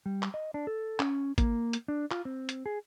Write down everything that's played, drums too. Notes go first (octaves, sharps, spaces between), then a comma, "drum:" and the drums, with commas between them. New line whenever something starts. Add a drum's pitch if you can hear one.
G3
drum: clap
D#5
D4
A4
C#4, drum: clap
A#3, drum: kick, hi-hat
drum: hi-hat
D4
F4, drum: clap
C4
drum: hi-hat
G#4